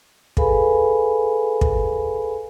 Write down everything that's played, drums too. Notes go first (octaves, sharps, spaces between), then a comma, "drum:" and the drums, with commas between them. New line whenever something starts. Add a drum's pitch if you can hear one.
G#4 A4 B4 F5 G#5 B5, drum: kick
drum: kick